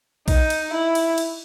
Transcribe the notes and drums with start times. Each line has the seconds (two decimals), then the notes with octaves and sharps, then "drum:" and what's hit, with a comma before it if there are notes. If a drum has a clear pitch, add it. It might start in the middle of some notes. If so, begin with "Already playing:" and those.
0.28 D#4, drum: kick A#1, cymbal
0.50 drum: cymbal
0.73 E4
0.95 drum: cymbal
1.18 drum: cymbal